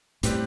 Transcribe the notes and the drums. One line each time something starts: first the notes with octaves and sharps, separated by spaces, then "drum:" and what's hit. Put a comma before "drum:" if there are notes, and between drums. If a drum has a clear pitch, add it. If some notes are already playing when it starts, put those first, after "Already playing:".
A2 G3 C4 G4 B4 D5, drum: hi-hat